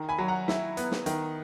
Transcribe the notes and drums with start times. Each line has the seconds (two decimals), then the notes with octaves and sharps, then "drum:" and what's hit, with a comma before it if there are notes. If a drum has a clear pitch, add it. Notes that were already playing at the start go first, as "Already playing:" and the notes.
Already playing: D#3
0.09 G#5 B5
0.18 F#3
0.28 F#5 A#5
0.48 E4, drum: snare
0.77 B3, drum: hi-hat
0.91 drum: snare
1.06 D#3, drum: hi-hat